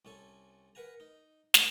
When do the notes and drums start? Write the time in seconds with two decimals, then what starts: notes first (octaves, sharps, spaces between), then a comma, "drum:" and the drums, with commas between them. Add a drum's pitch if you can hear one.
0.05 C2 C#4 A4 G#5
0.75 A#4 B4 F#5 G#5 A#5
1.00 D#4
1.54 F#3 G#3 A3 B3 D4 E4, drum: snare